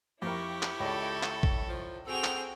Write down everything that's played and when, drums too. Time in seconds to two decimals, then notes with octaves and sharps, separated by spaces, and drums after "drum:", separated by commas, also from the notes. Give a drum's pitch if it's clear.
0.22 F2 E4 G4 A#4 C#6
0.62 drum: clap
0.80 C#2 G#4 A4 D5
1.23 drum: clap
1.43 drum: kick A1
1.68 F3
2.06 C4 F#4 G#4 A4 G5 F7
2.24 drum: clap